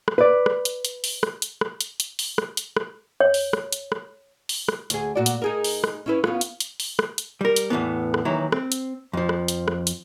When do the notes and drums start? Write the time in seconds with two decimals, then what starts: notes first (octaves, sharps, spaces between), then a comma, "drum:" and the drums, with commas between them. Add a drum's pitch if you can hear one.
0.08 drum: rim click
0.18 B4 D5
0.46 drum: rim click
0.65 drum: hi-hat
0.85 drum: hi-hat
1.04 drum: open hi-hat
1.23 drum: rim click
1.42 drum: hi-hat
1.61 drum: rim click
1.81 drum: hi-hat
2.00 drum: hi-hat
2.19 drum: open hi-hat
2.38 drum: rim click
2.57 drum: hi-hat
2.77 drum: rim click
3.20 C#5
3.34 drum: open hi-hat
3.53 drum: rim click
3.73 drum: hi-hat
3.92 drum: rim click
4.49 drum: open hi-hat
4.68 drum: rim click
4.90 D2 G#4, drum: hi-hat
5.15 A#2 F#4 D5
5.26 drum: hi-hat
5.42 D#4 G#4 A#4
5.64 drum: open hi-hat
5.84 drum: rim click
6.06 C#4 E4 B4
6.24 B3 C#4 F4, drum: rim click
6.41 drum: hi-hat
6.60 drum: hi-hat
6.80 drum: open hi-hat
6.99 drum: rim click
7.18 drum: hi-hat
7.41 G3 A#4
7.56 drum: hi-hat
7.70 E2 A2 E3 B3
8.14 drum: rim click
8.25 D#2 D#3 E3 F#3 E4
8.52 C4, drum: rim click
8.72 drum: hi-hat
9.13 F2 F3
9.29 drum: rim click
9.48 drum: hi-hat
9.68 drum: rim click
9.87 drum: hi-hat